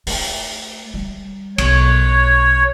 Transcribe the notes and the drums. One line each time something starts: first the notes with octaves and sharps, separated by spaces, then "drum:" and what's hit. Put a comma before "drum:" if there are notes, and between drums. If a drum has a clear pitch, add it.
A3, drum: open hi-hat
G3
B1 C#5, drum: cymbal